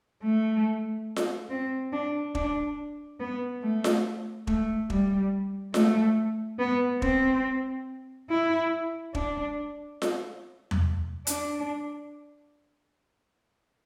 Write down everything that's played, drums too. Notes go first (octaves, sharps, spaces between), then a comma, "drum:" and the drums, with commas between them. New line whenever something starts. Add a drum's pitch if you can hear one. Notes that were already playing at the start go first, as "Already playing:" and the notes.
A3
drum: snare F4
C4
D4
D4, drum: kick E1
B3
A3
drum: snare F4
A3, drum: kick E1
G3, drum: kick E1
A3, drum: snare F4
B3
C4, drum: kick E1
E4
D4, drum: kick E1
drum: snare F4
drum: tom E2
D4, drum: hi-hat